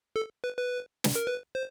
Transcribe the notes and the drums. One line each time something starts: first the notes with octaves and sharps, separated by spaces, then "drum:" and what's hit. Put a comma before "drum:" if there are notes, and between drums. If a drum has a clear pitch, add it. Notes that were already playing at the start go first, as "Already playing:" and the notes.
A4
B4
B4
drum: snare
A#4
B4
C5